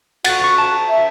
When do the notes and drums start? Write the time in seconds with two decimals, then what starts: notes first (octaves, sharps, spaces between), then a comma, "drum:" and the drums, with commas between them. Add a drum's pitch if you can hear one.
0.25 F#4 F#5 A6, drum: cymbal
0.44 C#6
0.58 A5
0.88 E5